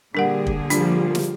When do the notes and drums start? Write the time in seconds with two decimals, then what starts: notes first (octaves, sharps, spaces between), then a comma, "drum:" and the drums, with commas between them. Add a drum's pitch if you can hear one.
0.15 A#2 D3 G3 D4 G#4 A#4 F#5
0.47 drum: kick
0.70 F3 G3 A#3 D4 F4, drum: hi-hat
1.15 drum: snare